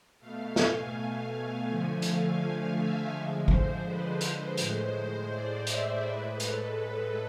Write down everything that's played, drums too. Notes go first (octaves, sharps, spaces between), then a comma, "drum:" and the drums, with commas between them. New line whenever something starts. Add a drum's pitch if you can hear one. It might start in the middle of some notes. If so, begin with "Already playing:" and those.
B2 A3 F5
G#5, drum: snare
D3 F3 A3
F5, drum: hi-hat
E5
D3 F3 G#3
C5, drum: kick G#1
B4
C5, drum: hi-hat
A2 G#3, drum: hi-hat
C5
D5
E5, drum: hi-hat
A2 G#3 B4
A4, drum: hi-hat